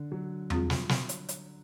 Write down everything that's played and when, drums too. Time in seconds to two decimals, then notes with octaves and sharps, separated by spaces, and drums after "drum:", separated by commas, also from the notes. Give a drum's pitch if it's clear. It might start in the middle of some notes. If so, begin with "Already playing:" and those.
Already playing: D3
0.12 F#3
0.50 G3 C4 F4 G#4, drum: tom E2
0.70 drum: snare
0.89 drum: snare
1.09 drum: hi-hat
1.29 drum: hi-hat